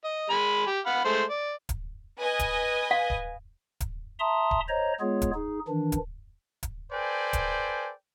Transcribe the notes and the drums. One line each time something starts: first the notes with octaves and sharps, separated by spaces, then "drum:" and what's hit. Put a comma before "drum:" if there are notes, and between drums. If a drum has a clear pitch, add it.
D#5
G#3 G#5 B5
G4
F5 F#5 B5
G#3 A3 C5
D5
drum: kick D1, hi-hat
B4 D#5 G#5
drum: kick D1, hi-hat
F5
drum: kick D1
drum: kick D1, hi-hat
E5 A5 A#5 C6 D#6
drum: kick D1
C5 C#5 D#5 A#5
G#3 B3 F4 G#4 C#5
drum: kick D1, hi-hat
D#4 G#4
D#3 E3 D4
drum: kick D1, hi-hat
drum: kick D1, hi-hat
A4 B4 C5 D5 G5 G#5
drum: kick D1, hi-hat